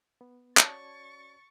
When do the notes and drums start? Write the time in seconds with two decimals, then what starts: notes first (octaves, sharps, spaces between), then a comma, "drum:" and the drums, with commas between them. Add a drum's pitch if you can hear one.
0.21 B3
0.57 C#4 F#4 C#5 D5 A5 C#6 A6, drum: clap